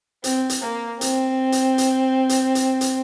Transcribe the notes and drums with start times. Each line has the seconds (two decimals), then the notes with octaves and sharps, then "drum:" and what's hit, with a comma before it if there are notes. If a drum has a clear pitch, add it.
0.24 C4, drum: hi-hat
0.50 drum: hi-hat
0.62 A#3
1.01 C4, drum: hi-hat
1.52 drum: hi-hat
1.78 drum: hi-hat
2.29 drum: hi-hat
2.55 drum: hi-hat
2.81 drum: hi-hat